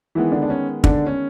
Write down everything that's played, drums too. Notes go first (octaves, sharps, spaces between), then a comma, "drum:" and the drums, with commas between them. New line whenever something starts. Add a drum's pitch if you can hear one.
D#3 E3 G#3 B3 E4
D3 D4
D4
C#4
D3 D4, drum: kick
C#4